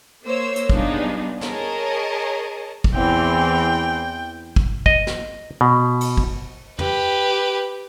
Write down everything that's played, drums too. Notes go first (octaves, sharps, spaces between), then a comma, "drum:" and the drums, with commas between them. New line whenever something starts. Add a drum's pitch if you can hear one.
A#3 C5 C#5 E6
drum: hi-hat
G3 B3 D4 D#4 F4 G#4, drum: kick
G#4 A#4 C#5 D#5 A5, drum: snare
drum: kick
E2 E3 C4 G5
drum: kick
D#5, drum: kick
drum: snare
B2
drum: cymbal
drum: kick
G4 B4, drum: tom